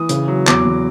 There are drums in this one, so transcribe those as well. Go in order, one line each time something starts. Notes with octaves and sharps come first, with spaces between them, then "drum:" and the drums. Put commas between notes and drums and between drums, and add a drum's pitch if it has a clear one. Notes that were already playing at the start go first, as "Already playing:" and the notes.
Already playing: E3 D#6
C#3, drum: hi-hat
F#3
E2 D6, drum: clap
E2